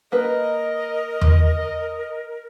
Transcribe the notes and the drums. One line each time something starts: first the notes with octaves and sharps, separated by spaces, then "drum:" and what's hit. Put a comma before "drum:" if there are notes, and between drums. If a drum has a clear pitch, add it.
A#3 A#4 B4 D#5
drum: tom E2